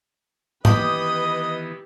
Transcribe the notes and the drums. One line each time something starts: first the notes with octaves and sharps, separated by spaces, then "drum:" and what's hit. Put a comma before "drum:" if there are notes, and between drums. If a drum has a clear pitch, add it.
D#3 E3 B3 G4 B4 D#5 B5 D#6, drum: tom G#2